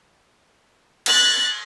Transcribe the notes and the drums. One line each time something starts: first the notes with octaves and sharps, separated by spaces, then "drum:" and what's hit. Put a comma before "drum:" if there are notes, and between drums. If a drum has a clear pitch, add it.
F#6 A6, drum: cymbal